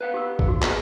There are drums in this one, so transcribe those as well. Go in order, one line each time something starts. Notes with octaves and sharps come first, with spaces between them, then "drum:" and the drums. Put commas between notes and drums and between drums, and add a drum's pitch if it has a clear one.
B4 F5 F#5
G4 E6
drum: kick
F#4
B3 G#4, drum: clap